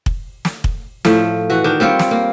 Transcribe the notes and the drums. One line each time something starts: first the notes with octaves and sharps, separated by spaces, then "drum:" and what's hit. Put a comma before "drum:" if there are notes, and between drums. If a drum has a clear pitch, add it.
drum: kick
drum: snare
drum: kick
A2 F3 A3, drum: snare
E3 F#4
D#3 D4
G3 C4 F4 C#5
drum: snare
A#3